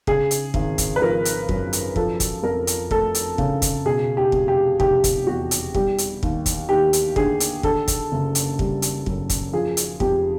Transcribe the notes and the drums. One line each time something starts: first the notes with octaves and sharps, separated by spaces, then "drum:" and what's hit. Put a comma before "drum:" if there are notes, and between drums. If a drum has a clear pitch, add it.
C#3 G#4, drum: kick
drum: hi-hat
G#1, drum: kick
drum: kick, hi-hat
B4
F3 A#4
drum: hi-hat
F#2, drum: kick
drum: hi-hat
F3 A4, drum: kick
drum: kick, hi-hat
F2 A#4
drum: hi-hat
A3 A4, drum: kick
drum: hi-hat
C#3, drum: kick
drum: kick, hi-hat
B2 G#4
G4
F1, drum: kick
G4
F1 G4, drum: kick
drum: kick, hi-hat
E2 F#4
drum: hi-hat
G3 G4, drum: kick
drum: hi-hat
D#2, drum: kick
drum: kick, hi-hat
D#2 G4
drum: hi-hat
D3 G#4, drum: kick
drum: hi-hat
D3 A4, drum: kick
drum: kick, hi-hat
F#1
drum: hi-hat
G3, drum: kick
drum: hi-hat
F#2, drum: kick
drum: kick, hi-hat
F3 G#4
drum: hi-hat
F2 G4, drum: kick